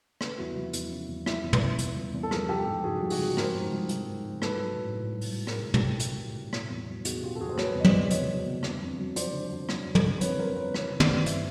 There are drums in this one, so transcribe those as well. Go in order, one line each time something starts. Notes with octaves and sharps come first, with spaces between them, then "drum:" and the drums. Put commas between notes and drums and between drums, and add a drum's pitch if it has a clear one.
C#3 A4 B4, drum: rim click
E2 E4 F#4
F3 E4
E2, drum: hi-hat
C#3
E2
F3 E4, drum: rim click
E2
drum: tom
C#3
E2, drum: hi-hat
F3
E2
A4
F3 G#4 A#4, drum: rim click
F3 G4 A4
G#2
G#2 F#4 G#4
F3
F#4 G#4, drum: open hi-hat
F3
G#2 A#4 C5, drum: rim click
G#2
F3
F3, drum: hi-hat
G#2
G#2
F#3 A4 B4, drum: rim click
F#3
A2
A2
F#3
drum: open hi-hat
F#3
A2 G#4 A#4, drum: rim click
A2
G4 A4, drum: tom
F#3
F#3, drum: hi-hat
A2
A2
B2, drum: rim click
E2
F#3
E2 F#4 G#4, drum: hi-hat
B2 F4 G4
A4
E2 F#4 G#4
C5
F#3 B4 C#5, drum: rim click
E2 D#5
C5 D5, drum: tom
B2
E2 C#5 D#5, drum: hi-hat
F#3
E2
D3, drum: rim click
F2
F#3
F2 C5 D5, drum: hi-hat
D3
F2
F#3, drum: rim click
F2
drum: tom
D3
F2 B4 C#5, drum: hi-hat
F#3 A#4 C5
F2 B4 C#5
E3 B4 C#5, drum: rim click
E3
C5 D5, drum: tom
G2
D5 E5, drum: hi-hat